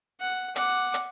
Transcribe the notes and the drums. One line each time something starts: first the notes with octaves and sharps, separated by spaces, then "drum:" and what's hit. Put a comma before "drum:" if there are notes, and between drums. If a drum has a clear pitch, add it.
F#5
F#5 D6, drum: hi-hat
drum: hi-hat